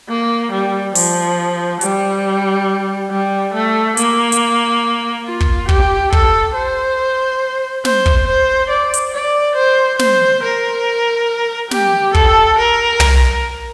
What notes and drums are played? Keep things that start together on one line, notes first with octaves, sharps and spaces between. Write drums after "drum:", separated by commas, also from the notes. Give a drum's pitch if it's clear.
A#3
G3
F3, drum: open hi-hat
G3, drum: hi-hat
G3
A3
A#3, drum: hi-hat
drum: hi-hat
F4
drum: kick
G4, drum: kick
A4, drum: kick
C5
C5, drum: snare
drum: kick
C5
D5
drum: hi-hat
D5
C5
C5, drum: snare
A#4
G4, drum: snare
A4, drum: kick
A#4
drum: tom